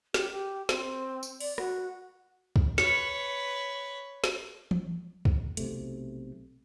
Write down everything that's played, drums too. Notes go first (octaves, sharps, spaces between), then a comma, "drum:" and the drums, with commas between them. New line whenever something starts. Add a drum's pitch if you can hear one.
G4, drum: snare
G4
C4, drum: snare
drum: tambourine
D5, drum: open hi-hat
F#4, drum: rim click
drum: kick
B4 C#5 C#7, drum: snare
drum: snare
drum: tom E3
drum: kick
B1 C3 A3, drum: hi-hat